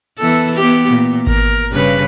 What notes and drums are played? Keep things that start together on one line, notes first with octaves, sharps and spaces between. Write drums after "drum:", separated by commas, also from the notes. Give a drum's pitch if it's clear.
E3 B3 A4
B3 G4
A#2
A#4, drum: kick G#1
G2 C#3 B4